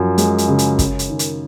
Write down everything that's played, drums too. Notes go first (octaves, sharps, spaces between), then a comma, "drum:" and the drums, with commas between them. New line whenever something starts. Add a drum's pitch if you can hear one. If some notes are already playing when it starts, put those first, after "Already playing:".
Already playing: F#2 F3
G#3, drum: hi-hat
drum: hi-hat
C#3
drum: hi-hat
C#4, drum: kick, hi-hat
drum: hi-hat
D#3
drum: hi-hat